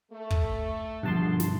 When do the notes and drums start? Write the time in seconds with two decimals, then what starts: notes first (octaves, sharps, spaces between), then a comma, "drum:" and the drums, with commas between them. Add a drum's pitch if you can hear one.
0.12 A3
0.30 drum: kick
1.03 G2 B2 D3 F3 A5 C6
1.40 drum: snare